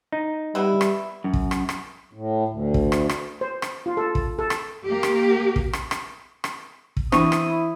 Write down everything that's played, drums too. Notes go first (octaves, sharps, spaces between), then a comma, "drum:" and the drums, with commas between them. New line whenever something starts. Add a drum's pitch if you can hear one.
D#4
G3 B3 E4
drum: rim click
F#2
drum: kick
drum: rim click
drum: rim click
A2
D2
drum: kick
drum: rim click
drum: rim click
C5
drum: rim click
F4
A4
drum: kick
A4
drum: rim click
A#3 G4
drum: rim click
drum: kick
drum: rim click
drum: rim click
drum: rim click
drum: kick
E3 B3 C4 D4 E4 C#6 D#6, drum: rim click
drum: rim click